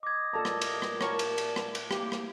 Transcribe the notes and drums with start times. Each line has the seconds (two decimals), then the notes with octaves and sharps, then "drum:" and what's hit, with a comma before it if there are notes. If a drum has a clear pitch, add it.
0.03 D#5 D6 G#6
0.33 A#2 A4 A5 A#5
0.45 drum: rim click
0.61 D#5, drum: cymbal
0.82 drum: rim click
1.01 A#4 C#5 A5 C#6, drum: rim click
1.19 drum: cymbal
1.38 drum: cymbal
1.56 drum: rim click
1.75 drum: cymbal
1.91 A#3 G4, drum: rim click
2.12 drum: rim click